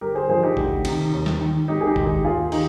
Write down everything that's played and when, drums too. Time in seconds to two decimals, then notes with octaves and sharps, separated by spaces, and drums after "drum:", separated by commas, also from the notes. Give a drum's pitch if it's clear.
0.01 G1 G4 A#4
0.15 G#4 C5
0.29 G2 F3 G#4 C5
0.43 D#4 G4
0.57 D2, drum: kick G#1
0.85 C3 D#3, drum: cymbal
1.13 D#2
1.26 drum: snare
1.41 D#3
1.68 G#1 D#4 G4
1.81 G#4
1.87 D#4 G4
1.96 G#2 D#3, drum: kick G#1
2.06 D#4 G4
2.24 D#2 F4 G#4
2.52 D#3 D#4 G4, drum: cymbal